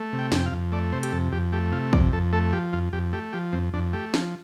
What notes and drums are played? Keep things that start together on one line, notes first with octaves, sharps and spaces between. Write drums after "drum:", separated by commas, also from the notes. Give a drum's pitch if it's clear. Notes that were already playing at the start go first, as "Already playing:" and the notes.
Already playing: A3
C3
G5
F2 G5, drum: snare
F5
F2
A3 D5
C3 C5
G4, drum: hi-hat
F2 A4
F2 G4
A3 G4
C3 F4
F2 D5, drum: kick
F2 A4
A3 A4
F3 G4
F2 F4
F2 G4
A3 G4
F3 G4
F2 C4
F2 D4
A3 G4
F3, drum: snare